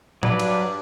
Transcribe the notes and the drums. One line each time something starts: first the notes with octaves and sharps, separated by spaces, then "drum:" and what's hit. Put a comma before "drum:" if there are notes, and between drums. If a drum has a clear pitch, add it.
G2 F#3 B4 D5, drum: tom A2
drum: cymbal